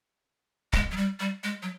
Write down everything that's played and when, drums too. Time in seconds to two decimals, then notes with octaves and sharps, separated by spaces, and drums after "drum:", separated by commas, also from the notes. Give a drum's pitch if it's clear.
0.73 G#3, drum: kick C#1
0.91 F#3
0.97 G3
1.20 G3
1.44 G#3
1.62 F#3